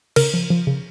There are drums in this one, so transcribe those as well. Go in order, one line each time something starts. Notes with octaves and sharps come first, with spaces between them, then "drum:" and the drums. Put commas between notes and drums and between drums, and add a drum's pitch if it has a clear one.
C#3 A#4, drum: cymbal
F3
F3
C#3